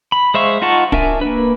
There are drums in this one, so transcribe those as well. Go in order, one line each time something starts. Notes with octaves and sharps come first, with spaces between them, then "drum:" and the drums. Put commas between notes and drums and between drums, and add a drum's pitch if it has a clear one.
B5
G#3 C5 E5 F5 C#6
D#4 F4 F#5 A5 C#6
D4 A#4 E5 G#5, drum: kick D1
A#3 B4